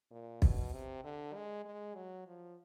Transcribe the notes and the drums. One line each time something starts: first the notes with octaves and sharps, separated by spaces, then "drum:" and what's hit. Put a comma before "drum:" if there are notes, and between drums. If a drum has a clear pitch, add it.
A#2
B2, drum: kick
C3
D3
G#3
G#3
F#3
F3